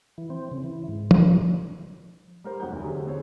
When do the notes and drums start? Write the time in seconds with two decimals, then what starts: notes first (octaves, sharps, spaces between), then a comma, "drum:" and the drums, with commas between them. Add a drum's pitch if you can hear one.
0.18 E3
0.30 C4
0.51 C#3
0.64 E3
0.88 G#2
1.11 F3, drum: tom F3
2.44 G3 A#4 C5
2.60 F1 F2 F#3 F#5 A#5 G6
2.72 F#1 E2 C3
2.83 D3 F#3 C4 G4 G#4
3.05 D3 B3 G#4 A4 C5 C#5